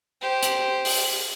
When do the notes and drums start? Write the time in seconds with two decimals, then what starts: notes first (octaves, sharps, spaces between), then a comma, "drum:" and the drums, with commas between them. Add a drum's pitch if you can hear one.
0.21 G4 C5
0.43 drum: hi-hat
0.85 drum: open hi-hat